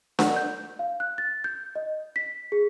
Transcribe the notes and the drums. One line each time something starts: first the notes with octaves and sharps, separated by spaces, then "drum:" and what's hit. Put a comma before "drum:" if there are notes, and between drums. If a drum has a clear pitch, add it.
F#5, drum: snare D4
G6
F5
F#6
A6
G6
D#5
B6
G#4